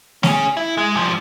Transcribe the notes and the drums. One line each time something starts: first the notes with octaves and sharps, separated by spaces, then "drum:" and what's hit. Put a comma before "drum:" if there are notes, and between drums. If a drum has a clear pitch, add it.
C#4 G#4, drum: snare A3
E4
G#3
G2 F3